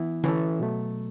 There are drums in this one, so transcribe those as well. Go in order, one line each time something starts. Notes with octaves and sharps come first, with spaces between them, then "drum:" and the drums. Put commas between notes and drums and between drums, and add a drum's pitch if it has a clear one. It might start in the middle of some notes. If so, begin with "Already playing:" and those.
Already playing: E3 B3 E4
E3 C#4 A4, drum: tom D3
B2 F#3 A3